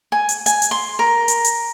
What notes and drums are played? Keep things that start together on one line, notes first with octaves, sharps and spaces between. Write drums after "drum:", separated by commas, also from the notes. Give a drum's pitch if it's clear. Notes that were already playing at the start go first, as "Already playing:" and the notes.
G#5
drum: hi-hat
G#5, drum: hi-hat
drum: hi-hat
C6
A#4
drum: hi-hat
drum: hi-hat